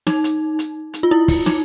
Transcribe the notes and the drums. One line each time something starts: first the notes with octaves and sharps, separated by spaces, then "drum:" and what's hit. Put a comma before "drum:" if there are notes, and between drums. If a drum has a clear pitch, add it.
D#4, drum: snare
drum: hi-hat
drum: hi-hat
drum: hi-hat
F4
E4
drum: kick, open hi-hat
D#4, drum: snare